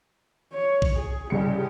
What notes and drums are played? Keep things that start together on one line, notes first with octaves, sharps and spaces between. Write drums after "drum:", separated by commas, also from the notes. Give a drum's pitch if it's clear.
C#5
drum: kick A#1
G#4
C2 C#3 G#3 G4 C#7